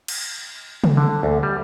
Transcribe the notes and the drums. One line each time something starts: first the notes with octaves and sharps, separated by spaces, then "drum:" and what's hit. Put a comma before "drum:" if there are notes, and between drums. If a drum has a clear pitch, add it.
drum: cymbal
drum: tom C#3
D3
D2
G3